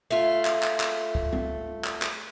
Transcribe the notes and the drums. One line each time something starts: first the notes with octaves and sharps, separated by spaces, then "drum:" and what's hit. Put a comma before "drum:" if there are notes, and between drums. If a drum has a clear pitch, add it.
A3 F4
drum: clap
drum: clap
drum: clap
drum: kick
drum: tom G3
drum: clap
drum: clap